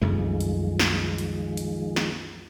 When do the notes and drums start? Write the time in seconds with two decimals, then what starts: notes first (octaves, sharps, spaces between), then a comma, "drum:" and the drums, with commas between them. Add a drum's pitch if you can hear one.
0.02 C2 F#2 D#3 F3 G#3 A3
0.41 drum: hi-hat
0.79 drum: snare
1.18 drum: hi-hat
1.57 drum: hi-hat
1.96 drum: snare